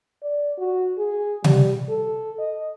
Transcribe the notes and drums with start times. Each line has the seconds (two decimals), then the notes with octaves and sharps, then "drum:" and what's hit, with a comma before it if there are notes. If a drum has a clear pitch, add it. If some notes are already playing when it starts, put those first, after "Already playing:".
0.22 D5
0.58 F#4
0.98 G#4
1.44 G3, drum: tom C3
1.89 A4
2.39 D#5